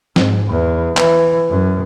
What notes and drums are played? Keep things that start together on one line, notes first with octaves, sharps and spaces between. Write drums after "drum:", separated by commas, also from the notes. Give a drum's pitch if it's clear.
G#2, drum: snare
E2
E3, drum: clap
F#2